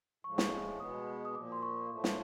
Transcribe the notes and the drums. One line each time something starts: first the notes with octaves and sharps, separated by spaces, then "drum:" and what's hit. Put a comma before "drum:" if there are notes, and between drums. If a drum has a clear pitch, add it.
A2 F3 G#3 C#6
drum: snare
B2 G#3 B3 D#6
D#6
A#2 F3 A#3 D6
C6
C#6
A2 F3 A3
drum: snare